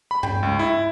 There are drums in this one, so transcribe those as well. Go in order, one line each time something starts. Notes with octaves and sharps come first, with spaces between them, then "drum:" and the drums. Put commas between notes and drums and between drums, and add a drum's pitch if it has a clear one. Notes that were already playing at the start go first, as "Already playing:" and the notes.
B5
G5, drum: tom G2
C#2
E4